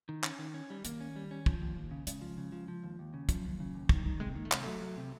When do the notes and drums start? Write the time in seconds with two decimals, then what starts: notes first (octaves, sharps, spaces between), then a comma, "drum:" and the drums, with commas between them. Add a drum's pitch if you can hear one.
0.09 D#3
0.24 C#4, drum: clap
0.39 D#3
0.54 C#4
0.70 G3
0.85 D#3 A#3, drum: hi-hat
1.00 C#4
1.16 G3
1.31 C#4
1.46 F3, drum: kick
1.61 D#2
1.76 D#2
1.91 C#3
2.07 C#3 G#3, drum: hi-hat
2.22 F3
2.37 C#3
2.52 F3
2.68 F3
2.83 D#2
2.99 D#2
3.14 C#3
3.29 F3 F#3, drum: kick, hi-hat
3.44 D#2
3.60 C#3
3.74 D#2
3.89 D#3 F#3, drum: kick
4.05 D#3 G3
4.20 C3 G#3
4.35 D#3 A#3
4.45 A3
4.52 C3 G#3, drum: clap
4.63 F#3 A3
4.81 F#3
4.97 C3